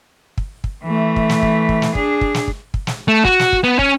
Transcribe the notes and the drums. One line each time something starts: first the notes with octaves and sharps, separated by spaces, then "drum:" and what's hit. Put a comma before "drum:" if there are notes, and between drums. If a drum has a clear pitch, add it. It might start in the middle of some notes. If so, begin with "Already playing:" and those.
drum: kick
drum: kick
E3 A3
drum: kick
drum: snare
drum: kick
drum: kick
drum: snare
D4 G#4, drum: kick
drum: kick
drum: snare
drum: kick
drum: kick
drum: snare
A3
F#4, drum: kick
drum: snare
drum: kick
B3
C#4, drum: kick